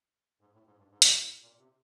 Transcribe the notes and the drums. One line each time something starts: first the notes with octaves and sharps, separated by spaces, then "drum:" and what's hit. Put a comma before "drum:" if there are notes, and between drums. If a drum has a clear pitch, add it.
G#2
A2
G#2
G2
G#2
drum: hi-hat
A2
A#2
C3